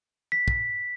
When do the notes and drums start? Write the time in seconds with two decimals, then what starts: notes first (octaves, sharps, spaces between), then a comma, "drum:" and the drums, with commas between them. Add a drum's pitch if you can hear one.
0.32 B6
0.48 drum: kick